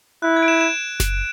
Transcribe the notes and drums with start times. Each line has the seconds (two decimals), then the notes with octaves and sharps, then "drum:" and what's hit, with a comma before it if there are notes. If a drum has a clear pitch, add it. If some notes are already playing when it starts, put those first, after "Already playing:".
0.22 E4 F#6
0.36 G#6
0.43 D7
0.48 E7
0.61 E7
1.00 drum: snare F#1